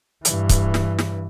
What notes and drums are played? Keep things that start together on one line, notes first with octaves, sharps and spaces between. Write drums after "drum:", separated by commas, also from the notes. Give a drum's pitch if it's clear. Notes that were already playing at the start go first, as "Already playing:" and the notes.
G2 E3, drum: hi-hat
drum: kick, hi-hat
drum: snare
drum: snare